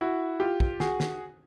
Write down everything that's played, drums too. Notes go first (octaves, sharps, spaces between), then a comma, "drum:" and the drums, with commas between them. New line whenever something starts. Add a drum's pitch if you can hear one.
E4 F#4
F4 G4
drum: kick
F#4 G#4, drum: snare
drum: snare